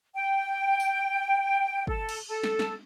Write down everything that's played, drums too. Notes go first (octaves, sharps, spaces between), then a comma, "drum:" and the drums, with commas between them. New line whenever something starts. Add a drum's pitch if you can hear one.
G5
drum: tambourine
A4, drum: kick
drum: cymbal
A4
drum: snare
drum: snare